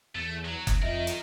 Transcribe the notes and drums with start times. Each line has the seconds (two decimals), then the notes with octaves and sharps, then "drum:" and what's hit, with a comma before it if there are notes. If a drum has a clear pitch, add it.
0.15 E2 A3
0.45 F#3
0.67 D1, drum: kick F#1, hi-hat
0.82 F2 D#4 F4 A#4 D#5 E5
1.07 drum: hi-hat